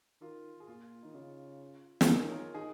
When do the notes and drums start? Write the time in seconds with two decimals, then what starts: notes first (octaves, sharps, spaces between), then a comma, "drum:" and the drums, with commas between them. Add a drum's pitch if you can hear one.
0.21 D#3 F4 A#4
0.60 G#4
0.67 A#2 F4
1.03 D#3 D#4
1.15 C#3 F4
2.01 A#4, drum: snare
2.08 D#3 D#4 G#4
2.25 C#5
2.32 F4 A#4
2.54 D#3 D#4 G#4